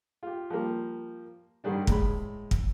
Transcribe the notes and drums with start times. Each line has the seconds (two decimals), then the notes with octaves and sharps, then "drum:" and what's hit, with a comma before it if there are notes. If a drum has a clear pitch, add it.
0.23 F4 G4
0.50 F3 G3 A#3
1.64 G2 D3 D#3 G3 D4
1.87 A2 G#3 B5, drum: kick
2.51 drum: kick